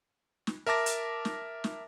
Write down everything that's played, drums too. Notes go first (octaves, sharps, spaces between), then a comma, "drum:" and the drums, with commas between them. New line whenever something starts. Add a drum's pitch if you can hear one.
drum: snare
A#4 E5 A5 D6 A#6
drum: hi-hat
drum: snare
drum: snare